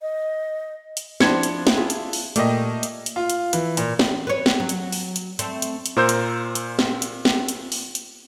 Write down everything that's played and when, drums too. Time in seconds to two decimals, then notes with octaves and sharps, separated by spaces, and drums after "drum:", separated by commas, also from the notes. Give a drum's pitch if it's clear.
0.02 D#5
0.97 drum: hi-hat
1.20 F3 D4 E4 C5 G#6 C#7, drum: snare
1.43 drum: hi-hat
1.67 drum: snare
1.77 E4 F4 G#4
1.90 drum: hi-hat
2.13 drum: open hi-hat
2.36 A#2 A3 A#3 G4 D5 D#5, drum: hi-hat
2.83 drum: hi-hat
3.06 drum: hi-hat
3.16 F4
3.30 drum: hi-hat
3.53 E3, drum: hi-hat
3.77 A#2, drum: hi-hat
3.99 drum: snare
4.27 B4 C#5
4.46 drum: snare
4.60 F#3
4.69 drum: hi-hat
4.92 drum: open hi-hat
5.16 drum: hi-hat
5.39 A3 C4, drum: hi-hat
5.62 drum: hi-hat
5.86 drum: hi-hat
5.96 A#2 A#4 C5 E6 G6
6.09 drum: hi-hat
6.55 drum: hi-hat
6.79 drum: snare
7.02 drum: hi-hat
7.25 drum: snare
7.48 drum: hi-hat
7.72 drum: open hi-hat
7.95 drum: hi-hat